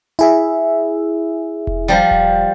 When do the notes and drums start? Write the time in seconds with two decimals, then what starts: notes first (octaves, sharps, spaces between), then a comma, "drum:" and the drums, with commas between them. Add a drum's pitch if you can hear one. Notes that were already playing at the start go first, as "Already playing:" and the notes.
0.19 E4 G#4 E5, drum: hi-hat
1.67 drum: kick E1
1.88 F3 G3
2.11 drum: kick E1